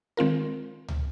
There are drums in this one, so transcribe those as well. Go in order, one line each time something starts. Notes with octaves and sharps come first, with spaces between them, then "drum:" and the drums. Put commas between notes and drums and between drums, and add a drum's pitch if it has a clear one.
D#3 G#3 C4 F4 A#4
drum: tom C#2